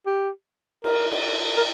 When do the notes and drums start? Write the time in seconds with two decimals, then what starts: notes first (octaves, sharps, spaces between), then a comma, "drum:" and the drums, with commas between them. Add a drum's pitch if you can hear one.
0.06 G4
0.84 A#4, drum: cymbal
1.12 drum: cymbal
1.57 A#4